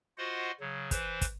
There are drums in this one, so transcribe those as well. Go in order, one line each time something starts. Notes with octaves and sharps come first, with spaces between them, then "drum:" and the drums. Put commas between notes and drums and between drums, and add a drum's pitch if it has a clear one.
F4 F#4 C5 D#5 F#5
C#3 F#3
E3 B4 C5, drum: kick, hi-hat
drum: kick, hi-hat